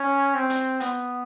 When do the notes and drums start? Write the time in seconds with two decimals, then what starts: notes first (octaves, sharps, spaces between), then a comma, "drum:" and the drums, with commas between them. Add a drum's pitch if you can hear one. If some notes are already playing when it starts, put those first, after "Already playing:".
Already playing: C#4
0.35 C4
0.50 drum: hi-hat
0.80 B3, drum: hi-hat